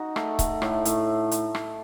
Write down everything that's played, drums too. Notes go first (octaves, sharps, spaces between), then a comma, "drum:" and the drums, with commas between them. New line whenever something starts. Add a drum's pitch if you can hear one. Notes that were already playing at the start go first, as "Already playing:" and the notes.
Already playing: D#4 F#4
A3, drum: rim click
A3, drum: kick C#1, hi-hat
A2, drum: rim click
A2, drum: hi-hat
drum: hi-hat
drum: rim click